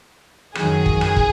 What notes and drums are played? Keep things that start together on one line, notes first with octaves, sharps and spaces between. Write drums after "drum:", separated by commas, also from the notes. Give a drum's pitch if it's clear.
F#2 D#3 F#3 G#4, drum: rim click
drum: kick
drum: rim click
drum: kick